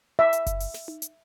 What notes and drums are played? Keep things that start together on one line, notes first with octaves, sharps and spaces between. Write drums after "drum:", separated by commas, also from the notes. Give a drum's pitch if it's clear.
E5
drum: hi-hat
drum: kick F#1, hi-hat
drum: open hi-hat
drum: snare
drum: tom D#4
drum: hi-hat